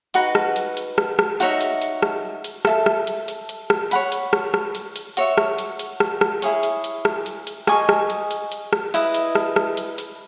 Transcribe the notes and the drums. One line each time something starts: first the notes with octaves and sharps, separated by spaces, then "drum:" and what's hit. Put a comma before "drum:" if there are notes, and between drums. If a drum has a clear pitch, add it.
D#4 F#4 B4, drum: hi-hat
drum: rim click
drum: hi-hat
drum: hi-hat
drum: rim click
drum: rim click
D#4 F#4 C#5 E5, drum: hi-hat
drum: hi-hat
drum: hi-hat
drum: rim click
drum: hi-hat
A4 E5 A5, drum: rim click
drum: rim click
drum: hi-hat
drum: hi-hat
drum: hi-hat
drum: rim click
C#5 F#5 B5, drum: hi-hat
drum: hi-hat
drum: rim click
drum: rim click
drum: hi-hat
drum: hi-hat
F#4 C#5 E5, drum: hi-hat
drum: rim click
drum: hi-hat
drum: hi-hat
drum: rim click
drum: rim click
E4 G#4 C#5, drum: hi-hat
drum: hi-hat
drum: hi-hat
drum: rim click
drum: hi-hat
drum: hi-hat
G#4 D#5 G#5 C#6, drum: rim click
drum: rim click
drum: hi-hat
drum: hi-hat
drum: hi-hat
drum: rim click
E4 B4 D#5, drum: hi-hat
drum: hi-hat
drum: rim click
drum: rim click
drum: hi-hat
drum: hi-hat